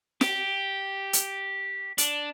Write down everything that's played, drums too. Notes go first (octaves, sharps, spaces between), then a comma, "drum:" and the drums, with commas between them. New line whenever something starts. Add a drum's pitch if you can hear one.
G4, drum: snare
drum: hi-hat
D4, drum: hi-hat